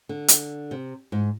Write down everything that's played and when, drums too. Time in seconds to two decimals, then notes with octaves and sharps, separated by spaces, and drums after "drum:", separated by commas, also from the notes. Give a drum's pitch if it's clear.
0.09 D3
0.28 drum: hi-hat
0.71 C3
1.12 G#2